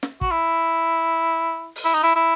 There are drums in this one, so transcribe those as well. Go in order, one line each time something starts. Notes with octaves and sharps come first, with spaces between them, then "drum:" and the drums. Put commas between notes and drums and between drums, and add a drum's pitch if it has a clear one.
drum: snare
F#4, drum: kick
E4
drum: open hi-hat
E4
D#4
E4
E4